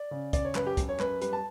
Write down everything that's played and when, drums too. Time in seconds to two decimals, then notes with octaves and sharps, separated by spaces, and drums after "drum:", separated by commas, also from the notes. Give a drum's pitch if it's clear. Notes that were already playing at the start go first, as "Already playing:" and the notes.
Already playing: D5
0.11 C#3
0.33 C#3 D5, drum: kick, hi-hat
0.45 C#5
0.55 F#2 B4, drum: clap
0.67 G4
0.77 F#2, drum: kick, hi-hat
0.89 C#5
1.00 F#2 B4, drum: clap
1.22 G3 B4, drum: hi-hat
1.33 A5